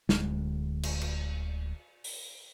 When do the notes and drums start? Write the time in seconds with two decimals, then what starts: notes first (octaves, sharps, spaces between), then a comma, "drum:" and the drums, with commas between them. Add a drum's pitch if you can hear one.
0.09 D1 D2 G#3, drum: snare
0.83 drum: cymbal
1.01 drum: cymbal
2.04 drum: open hi-hat